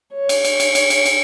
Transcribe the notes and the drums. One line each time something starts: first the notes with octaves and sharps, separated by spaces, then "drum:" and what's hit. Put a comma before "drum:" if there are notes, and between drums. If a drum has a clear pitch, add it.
C#5
drum: cymbal
drum: cymbal
drum: cymbal
drum: cymbal
drum: cymbal
drum: cymbal